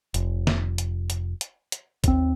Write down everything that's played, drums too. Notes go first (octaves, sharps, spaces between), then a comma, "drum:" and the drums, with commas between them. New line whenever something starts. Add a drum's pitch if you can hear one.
F1, drum: hi-hat
drum: snare
drum: hi-hat
drum: hi-hat
drum: hi-hat
drum: hi-hat
D#2 C4, drum: kick, hi-hat